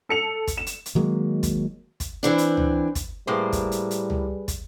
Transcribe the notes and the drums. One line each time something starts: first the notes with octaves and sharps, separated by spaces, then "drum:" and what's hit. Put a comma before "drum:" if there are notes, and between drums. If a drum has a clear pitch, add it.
A4 C#7 F7
drum: kick, hi-hat
E7
drum: hi-hat
drum: hi-hat
D#3 F#3 G#3 A#3
drum: kick, hi-hat
drum: kick, hi-hat
E3 C4 D4
drum: hi-hat
drum: tom C#2
drum: kick, hi-hat
A2 G3 A#3 G#4 B4 C5
drum: kick, hi-hat
drum: hi-hat
drum: hi-hat
drum: tom C#2
drum: kick, hi-hat